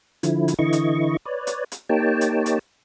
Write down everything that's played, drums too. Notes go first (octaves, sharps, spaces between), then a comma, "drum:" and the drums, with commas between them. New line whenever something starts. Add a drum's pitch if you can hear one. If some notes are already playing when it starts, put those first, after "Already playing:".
D3 F3 E4, drum: hi-hat
drum: hi-hat
D3 E3 E4 D#5 C#6
drum: hi-hat
B4 C#5 D5
drum: hi-hat
drum: hi-hat
A#3 D#4 G4 C#5 G5 A5
drum: hi-hat
drum: hi-hat